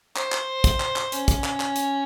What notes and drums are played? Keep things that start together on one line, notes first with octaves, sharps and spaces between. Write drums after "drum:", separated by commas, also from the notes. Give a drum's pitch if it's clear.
C5, drum: clap
drum: clap
drum: kick, hi-hat
drum: clap
drum: clap
C#4, drum: hi-hat
drum: kick, hi-hat
drum: clap
drum: clap
drum: hi-hat